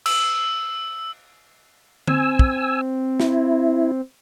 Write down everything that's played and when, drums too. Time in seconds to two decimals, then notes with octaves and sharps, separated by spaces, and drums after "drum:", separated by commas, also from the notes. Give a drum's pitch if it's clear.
0.06 E6, drum: cymbal
2.07 C4 G#5 E6, drum: tom D3
2.39 drum: kick
3.20 E4, drum: snare